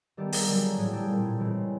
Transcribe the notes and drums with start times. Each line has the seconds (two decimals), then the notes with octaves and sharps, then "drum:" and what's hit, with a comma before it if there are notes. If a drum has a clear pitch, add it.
0.17 D#3 G3 B3 G4 A4
0.33 G#4 A#4, drum: open hi-hat
0.47 D3 F#3 A#3 G4 A4
0.78 A2 E3 G3 G#4
0.93 G4 A4
1.08 A#2 G3 C4
1.38 C#3 E3 G#3 C4